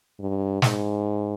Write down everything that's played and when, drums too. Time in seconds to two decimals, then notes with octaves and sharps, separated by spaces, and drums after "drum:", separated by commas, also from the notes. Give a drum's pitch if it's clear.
0.20 G2
0.62 G#2, drum: snare